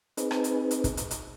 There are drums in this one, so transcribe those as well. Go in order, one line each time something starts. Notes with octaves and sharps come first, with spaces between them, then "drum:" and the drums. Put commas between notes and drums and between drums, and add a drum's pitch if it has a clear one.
C4 D#4 G#4 B4, drum: hi-hat
drum: rim click
drum: hi-hat
drum: hi-hat
drum: kick, hi-hat
drum: hi-hat
drum: hi-hat